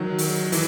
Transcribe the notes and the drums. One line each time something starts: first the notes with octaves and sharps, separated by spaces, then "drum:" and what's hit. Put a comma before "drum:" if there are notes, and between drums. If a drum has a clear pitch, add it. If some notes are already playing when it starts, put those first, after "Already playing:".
Already playing: D#3 F#3
drum: open hi-hat
E3, drum: open hi-hat